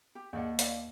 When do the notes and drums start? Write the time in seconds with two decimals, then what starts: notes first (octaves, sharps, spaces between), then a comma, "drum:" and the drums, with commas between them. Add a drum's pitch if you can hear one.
0.15 G4
0.33 D#2 G#4 D5 F#5
0.59 D5 F5, drum: hi-hat